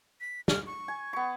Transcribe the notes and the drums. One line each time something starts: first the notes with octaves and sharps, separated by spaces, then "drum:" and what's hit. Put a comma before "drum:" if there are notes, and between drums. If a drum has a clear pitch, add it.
B6
F6, drum: snare
C#6
G#5
B3 C#6